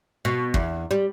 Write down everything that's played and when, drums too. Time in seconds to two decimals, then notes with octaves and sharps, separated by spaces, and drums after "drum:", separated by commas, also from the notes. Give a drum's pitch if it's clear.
0.25 B2
0.54 E2, drum: kick
0.91 G3